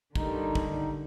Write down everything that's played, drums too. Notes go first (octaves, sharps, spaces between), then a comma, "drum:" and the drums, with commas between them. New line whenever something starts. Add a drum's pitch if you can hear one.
D3 D#3 G3 D#4, drum: kick
drum: kick